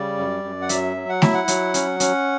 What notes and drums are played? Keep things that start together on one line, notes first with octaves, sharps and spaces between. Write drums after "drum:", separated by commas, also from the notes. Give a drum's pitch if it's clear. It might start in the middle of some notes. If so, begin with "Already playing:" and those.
Already playing: C#3 G3 D5
F#2
F#2
F#5
F#3 E5, drum: hi-hat
F#3
F#5
E4 E5, drum: snare A3
F#5
F#3, drum: hi-hat
C#4, drum: hi-hat
C#4, drum: hi-hat